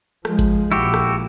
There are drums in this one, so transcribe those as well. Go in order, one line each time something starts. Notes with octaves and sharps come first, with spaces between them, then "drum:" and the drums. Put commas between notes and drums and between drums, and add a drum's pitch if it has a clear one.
F3 G#3, drum: rim click
drum: kick G#1, hi-hat
A#1 E4 F#4 G4
drum: rim click